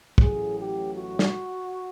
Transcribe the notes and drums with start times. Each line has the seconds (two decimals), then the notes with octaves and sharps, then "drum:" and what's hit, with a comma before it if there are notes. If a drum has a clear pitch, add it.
0.18 A1 A2 F#3 G#4, drum: kick
0.56 G4
0.94 F#4
1.19 drum: snare